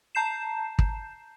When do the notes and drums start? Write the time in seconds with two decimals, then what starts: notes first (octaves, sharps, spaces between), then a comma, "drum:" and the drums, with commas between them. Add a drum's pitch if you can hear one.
0.15 A5 A#5 G6 C7 E7
0.79 drum: kick